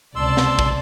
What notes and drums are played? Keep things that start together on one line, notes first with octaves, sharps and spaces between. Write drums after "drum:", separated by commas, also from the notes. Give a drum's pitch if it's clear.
C#2 C3 D5 A5 C6 E6
drum: snare
drum: kick